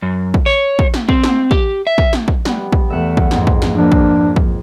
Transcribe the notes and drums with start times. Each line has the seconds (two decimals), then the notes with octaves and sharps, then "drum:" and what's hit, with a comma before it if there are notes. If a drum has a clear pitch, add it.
0.02 F#2
0.34 drum: kick
0.46 C#5
0.79 drum: kick
0.94 drum: snare
1.09 C4, drum: kick
1.24 drum: snare
1.51 G4, drum: kick
1.87 E5
1.98 drum: kick
2.13 drum: snare
2.28 drum: kick
2.45 G3 B3, drum: snare
2.72 drum: kick
2.90 E2 A3 E5 F#5
3.17 drum: kick
3.31 F2 G#2, drum: snare
3.47 drum: kick
3.62 drum: snare
3.75 F3 A#3 D4
3.92 drum: kick
4.36 drum: kick